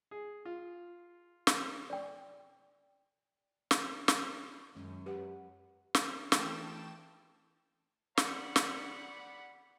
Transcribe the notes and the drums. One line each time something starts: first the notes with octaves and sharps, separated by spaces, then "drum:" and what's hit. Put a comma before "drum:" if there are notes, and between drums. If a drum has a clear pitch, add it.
G#4
F4
drum: snare
D5 G5
drum: snare
drum: snare
F#2 D#3 G#3 C#4
G4 B4 F#5
drum: snare
E3 A3 G5 A5 E7, drum: snare
D5 F#5 B5, drum: snare
drum: snare